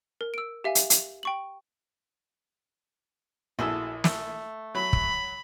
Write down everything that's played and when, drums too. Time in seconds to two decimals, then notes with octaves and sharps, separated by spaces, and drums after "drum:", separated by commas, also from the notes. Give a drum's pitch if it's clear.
0.21 A#4
0.34 E6 D7
0.64 G4 E5 F5 G#5
0.75 drum: hi-hat
0.90 drum: hi-hat
1.23 G5 C#6 F#7
3.59 A#1 E4 F#4 G#4 A4
4.04 A3, drum: snare
4.75 F#3 B5
4.93 drum: kick